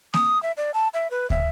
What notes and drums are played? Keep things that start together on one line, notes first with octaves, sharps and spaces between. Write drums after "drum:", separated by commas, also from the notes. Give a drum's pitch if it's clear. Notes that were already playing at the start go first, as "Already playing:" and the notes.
D#6, drum: snare A#3
E5
D5
A5
E5
B4
E5, drum: kick